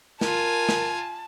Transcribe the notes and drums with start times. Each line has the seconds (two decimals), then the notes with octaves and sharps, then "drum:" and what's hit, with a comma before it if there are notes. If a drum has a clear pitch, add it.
0.21 F4 A#4 G#5 A5, drum: snare
0.69 drum: snare